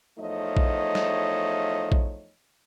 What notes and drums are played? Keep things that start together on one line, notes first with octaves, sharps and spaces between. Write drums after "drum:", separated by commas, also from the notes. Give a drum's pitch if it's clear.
E2 F3 A3 D#4 C#5 D#5
drum: kick A#1
drum: snare
drum: kick A#1